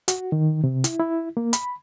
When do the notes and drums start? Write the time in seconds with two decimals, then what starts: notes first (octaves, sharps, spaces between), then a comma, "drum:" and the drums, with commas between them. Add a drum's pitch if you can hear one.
0.08 F#4, drum: hi-hat
0.32 D#3
0.64 C3
0.84 E4, drum: hi-hat
0.99 E4
1.37 A#3
1.53 B5, drum: hi-hat